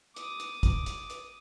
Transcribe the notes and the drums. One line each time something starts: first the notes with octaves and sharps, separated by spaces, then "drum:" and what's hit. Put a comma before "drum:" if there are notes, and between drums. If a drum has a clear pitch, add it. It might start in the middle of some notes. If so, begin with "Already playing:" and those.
D6 D#6, drum: hi-hat
drum: hi-hat
drum: kick, hi-hat
drum: hi-hat
drum: hi-hat